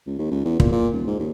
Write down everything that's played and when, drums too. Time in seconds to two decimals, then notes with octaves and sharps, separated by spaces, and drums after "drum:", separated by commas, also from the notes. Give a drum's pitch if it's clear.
0.07 C#2
0.19 D#2
0.31 C#2
0.45 E2
0.60 A#2, drum: kick
0.72 A#2
0.93 D#1
1.07 G#2
1.20 D#2